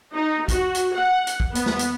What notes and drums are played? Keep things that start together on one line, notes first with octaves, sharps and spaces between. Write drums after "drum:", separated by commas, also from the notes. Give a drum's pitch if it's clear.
D#4
F#4, drum: kick, hi-hat
drum: hi-hat
F#5
drum: hi-hat
drum: kick
B3, drum: hi-hat
drum: snare
drum: hi-hat